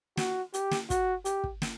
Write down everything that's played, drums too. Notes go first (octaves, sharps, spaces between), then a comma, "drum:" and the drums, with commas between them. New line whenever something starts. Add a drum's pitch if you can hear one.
F#4, drum: snare
G4, drum: hi-hat
drum: snare
F#4, drum: kick, hi-hat
G4, drum: hi-hat
drum: kick
drum: snare